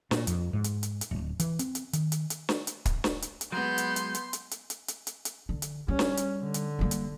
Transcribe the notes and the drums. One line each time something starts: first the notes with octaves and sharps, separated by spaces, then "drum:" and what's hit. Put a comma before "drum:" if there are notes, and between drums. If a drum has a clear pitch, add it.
A#2, drum: snare
F2, drum: hi-hat
G#2
drum: hi-hat
drum: hi-hat
drum: hi-hat
D1
E3, drum: hi-hat
C4, drum: hi-hat
drum: hi-hat
D#3, drum: hi-hat
drum: hi-hat
drum: hi-hat
drum: snare
drum: hi-hat
drum: kick, hi-hat
drum: snare
drum: hi-hat
drum: hi-hat
F#3 G#3 B3 C6 G6
drum: hi-hat
drum: hi-hat
drum: hi-hat
drum: hi-hat
drum: hi-hat
drum: hi-hat
drum: hi-hat
drum: hi-hat
drum: hi-hat
D3
drum: hi-hat
G3 C#4
drum: snare
drum: hi-hat
D3
drum: hi-hat
G3 A#3
drum: hi-hat